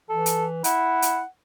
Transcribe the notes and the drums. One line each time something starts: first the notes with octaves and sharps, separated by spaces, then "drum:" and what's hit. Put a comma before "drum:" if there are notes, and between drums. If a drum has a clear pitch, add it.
E3 A4
drum: hi-hat
E4 F#5, drum: hi-hat
drum: hi-hat